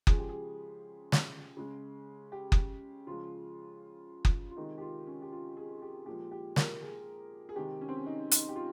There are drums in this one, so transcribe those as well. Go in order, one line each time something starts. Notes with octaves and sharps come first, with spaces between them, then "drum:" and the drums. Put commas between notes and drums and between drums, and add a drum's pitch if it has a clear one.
C#3 F3 G#3 G#4, drum: kick F#1
G4
G#4
drum: snare
C#3 G#3
G4
drum: kick F#1
C#3 F3 G#3 F4
drum: kick F#1
F4
C3 D#3 G#3 D#4
G4
F4
C#4
G4
F4
G#4
G4
A#2 F3 G#3 G4
G4
A#4, drum: snare
G#4
G#4
C3 D#3 G#3 G4
C#4
C4
C#4
D#4
D#4, drum: hi-hat
G4
F4